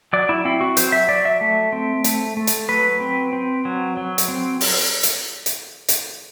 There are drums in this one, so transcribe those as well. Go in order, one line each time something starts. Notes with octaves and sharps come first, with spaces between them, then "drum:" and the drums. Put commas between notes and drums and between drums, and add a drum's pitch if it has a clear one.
F#3 D5
E4
C4 E4
F#4
F#3 C5, drum: hi-hat
E5
F#3 D5
E5
A3
C4
A3, drum: hi-hat
A3
drum: hi-hat
F#3 B4
C4
C4
F#3
F#3
drum: hi-hat
C4
drum: open hi-hat
drum: hi-hat
drum: hi-hat
drum: hi-hat